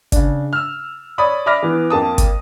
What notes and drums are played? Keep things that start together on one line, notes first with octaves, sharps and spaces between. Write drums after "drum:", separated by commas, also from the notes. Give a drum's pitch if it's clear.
C#3 D4, drum: kick G1, hi-hat
E6 F6
C#5 D5 B5 D#6
D5 E5 B5 D6 F6 A#6
E3 B3
F2 A#3 A5 D#6
drum: kick G1, hi-hat